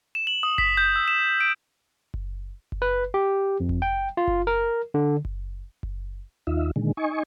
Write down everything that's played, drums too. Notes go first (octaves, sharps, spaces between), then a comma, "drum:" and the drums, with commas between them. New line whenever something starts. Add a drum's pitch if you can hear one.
E7
F#7
D#6
B6, drum: kick F#1
G6
E6
E7
D7
drum: kick F#1
drum: kick F#1
B4
G4
F2
drum: kick F#1
G5
F4
drum: kick F#1
A#4
D3
drum: kick F#1
drum: kick F#1
D#2 D#4 F4 E5
A#2 D3 D#3 G#3
D#4 D#5 G#5 C#6